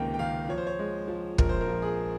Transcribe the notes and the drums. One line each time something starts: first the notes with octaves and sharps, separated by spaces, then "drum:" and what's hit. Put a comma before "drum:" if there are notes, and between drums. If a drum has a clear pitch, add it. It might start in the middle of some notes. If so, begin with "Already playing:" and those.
Already playing: C#2 C3 D#3 A#3 G5
G5
D#3 F5
F3 C#5
C5
C#5
G#3
F3
A#1 A#4, drum: kick
C5
A#4
F3
G#4